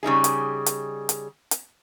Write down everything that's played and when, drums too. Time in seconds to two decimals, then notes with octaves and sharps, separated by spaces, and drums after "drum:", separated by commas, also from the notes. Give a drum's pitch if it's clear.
0.03 C#3 G3 D#4 G#4
0.24 drum: hi-hat
0.66 drum: hi-hat
1.09 drum: hi-hat
1.51 drum: hi-hat